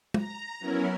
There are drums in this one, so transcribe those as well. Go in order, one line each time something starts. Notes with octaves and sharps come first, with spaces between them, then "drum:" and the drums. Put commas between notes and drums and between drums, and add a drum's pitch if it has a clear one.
A#5, drum: tom
F#3 B3 C#4 E4 A#4